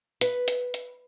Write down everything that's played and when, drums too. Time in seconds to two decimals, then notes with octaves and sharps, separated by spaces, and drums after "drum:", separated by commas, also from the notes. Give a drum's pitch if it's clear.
0.21 B4, drum: hi-hat
0.48 drum: hi-hat
0.74 drum: hi-hat